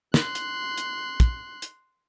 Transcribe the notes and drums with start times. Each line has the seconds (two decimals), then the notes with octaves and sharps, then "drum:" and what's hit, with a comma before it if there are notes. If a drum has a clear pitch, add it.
0.14 C6 F#6, drum: snare
0.35 drum: hi-hat
0.78 drum: hi-hat
1.20 drum: kick, hi-hat
1.62 drum: hi-hat